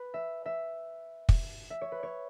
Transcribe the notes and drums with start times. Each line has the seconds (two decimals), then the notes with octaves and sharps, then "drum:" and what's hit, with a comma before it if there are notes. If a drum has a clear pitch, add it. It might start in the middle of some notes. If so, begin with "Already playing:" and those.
Already playing: B4
0.14 E5
0.46 E5
1.29 drum: kick
1.70 E5
1.81 C#5
1.92 B4
2.03 C#5